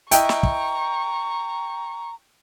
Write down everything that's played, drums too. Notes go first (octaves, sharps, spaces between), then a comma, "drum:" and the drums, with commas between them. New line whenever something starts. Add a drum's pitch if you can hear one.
E4 B4 D#5 G5 A#5 C#6, drum: hi-hat
drum: snare
drum: kick